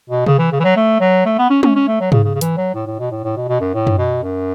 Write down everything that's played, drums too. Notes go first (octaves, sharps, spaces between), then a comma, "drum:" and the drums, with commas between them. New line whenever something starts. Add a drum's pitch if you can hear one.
B2
C#3, drum: tom C3
E3
C#3
E3
F#3
A3
F#3
A3
B3
C#4
C#4, drum: tom G#3
C#4
A3
F#3
C#3, drum: tom G#2
C#3
C#3
E3, drum: hi-hat
F#3
A2
A2
B2
A2
A2
B2
B2
F#2
A2
drum: tom F#2
B2
F#2